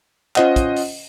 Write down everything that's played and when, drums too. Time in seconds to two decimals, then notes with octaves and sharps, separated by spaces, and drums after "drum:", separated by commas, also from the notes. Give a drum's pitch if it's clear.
0.36 C#4 F4 C5 D#5 F#5, drum: clap
0.56 drum: kick, hi-hat
0.76 drum: open hi-hat